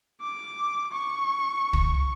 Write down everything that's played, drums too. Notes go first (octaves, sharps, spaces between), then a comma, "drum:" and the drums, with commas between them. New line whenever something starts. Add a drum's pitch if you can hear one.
D6
C#6
drum: kick